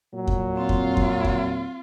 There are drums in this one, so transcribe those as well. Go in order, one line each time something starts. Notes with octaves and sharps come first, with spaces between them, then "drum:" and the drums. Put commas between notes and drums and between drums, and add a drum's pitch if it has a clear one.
A#2 F#3
drum: kick E2
C4 F4
drum: kick E2
drum: kick E2
drum: kick E2